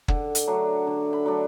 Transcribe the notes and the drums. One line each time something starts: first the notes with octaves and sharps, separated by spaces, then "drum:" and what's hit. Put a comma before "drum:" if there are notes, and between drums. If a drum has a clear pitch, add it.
D3 F#5, drum: kick
drum: hi-hat
F#3 A3 D4
D3
B5
F#3 A3 D4